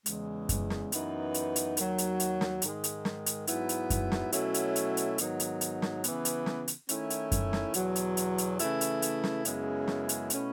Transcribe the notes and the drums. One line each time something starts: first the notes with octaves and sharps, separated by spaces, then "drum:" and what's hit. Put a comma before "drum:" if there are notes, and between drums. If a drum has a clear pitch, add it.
E2 C#3 E3 G#3, drum: hi-hat
drum: kick F#2, hi-hat
drum: snare
F#2 E3 B3 D#4, drum: hi-hat
drum: hi-hat
drum: hi-hat
D#2 D#3 F#3, drum: hi-hat
drum: hi-hat
drum: hi-hat
drum: snare
G#2 D#3 G#3, drum: hi-hat
drum: hi-hat
drum: snare
drum: hi-hat
G#2 F#3 B3 E4, drum: hi-hat
drum: hi-hat
drum: kick F#2, hi-hat
drum: snare
B2 F#3 A3 C#4 E4, drum: hi-hat
drum: hi-hat
drum: hi-hat
drum: hi-hat
G#2 D#3 F#3 B3 D#4, drum: hi-hat
drum: hi-hat
drum: hi-hat
drum: snare
C#3 E3 B3, drum: hi-hat
drum: hi-hat
drum: snare
drum: hi-hat
D#3 A3 C#4 E4, drum: hi-hat
drum: hi-hat
drum: kick F#2, hi-hat
drum: snare
E2 B2 F#3, drum: hi-hat
drum: hi-hat
drum: hi-hat
drum: hi-hat
C#3 E3 A3 E4, drum: hi-hat
drum: hi-hat
drum: hi-hat
drum: snare
F#2 C#3 G#3 B3 E4, drum: hi-hat
drum: snare
drum: hi-hat
B2 A3 C#4 E4, drum: hi-hat